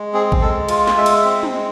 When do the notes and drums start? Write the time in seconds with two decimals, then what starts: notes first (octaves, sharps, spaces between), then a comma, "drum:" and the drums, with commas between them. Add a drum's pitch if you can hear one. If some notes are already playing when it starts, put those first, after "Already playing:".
Already playing: G#3
0.13 C4 G#4
0.32 drum: kick A1
0.42 G#3 A4
0.69 F4, drum: cymbal
0.88 drum: snare
0.97 G#3 E5
1.06 drum: cymbal
1.25 C4
1.43 drum: tom
1.52 G#3